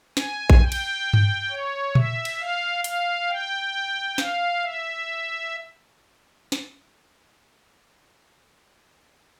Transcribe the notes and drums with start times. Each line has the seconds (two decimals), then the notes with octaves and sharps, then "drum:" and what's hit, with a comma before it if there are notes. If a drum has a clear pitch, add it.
0.17 G#5, drum: snare
0.50 drum: kick A#1
0.61 G5
0.72 drum: cymbal
1.14 drum: tom G2
1.50 C#5
1.95 E5, drum: tom A#2
2.25 drum: cymbal
2.40 F5
2.84 F5, drum: hi-hat
3.29 G5
4.18 F5, drum: snare
4.62 E5
6.52 drum: snare